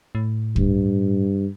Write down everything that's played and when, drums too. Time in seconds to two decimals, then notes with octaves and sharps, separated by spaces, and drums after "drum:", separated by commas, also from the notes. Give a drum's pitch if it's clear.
0.15 A2
0.56 G2, drum: kick